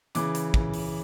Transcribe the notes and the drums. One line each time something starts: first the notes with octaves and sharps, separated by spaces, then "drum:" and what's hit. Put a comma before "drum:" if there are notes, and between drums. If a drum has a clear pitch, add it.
C#3 E3 D6, drum: hi-hat
drum: hi-hat
drum: kick
drum: open hi-hat